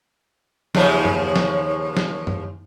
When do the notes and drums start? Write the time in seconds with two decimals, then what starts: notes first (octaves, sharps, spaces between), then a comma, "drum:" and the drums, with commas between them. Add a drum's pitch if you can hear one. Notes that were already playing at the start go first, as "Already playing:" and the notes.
0.75 D#2 C#3 F3, drum: snare
1.05 drum: tom F#2
1.36 drum: snare
1.97 drum: snare
2.27 drum: tom F#2